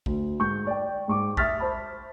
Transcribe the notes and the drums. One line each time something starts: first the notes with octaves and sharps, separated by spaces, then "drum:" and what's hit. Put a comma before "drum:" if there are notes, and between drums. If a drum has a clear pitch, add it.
D2, drum: kick A#1
G#2 C#6 G6
D5 G5
G#2 C#6 D6
E5 C#6 D#6 F6 A6 B6, drum: kick A#1
C5 A5 B5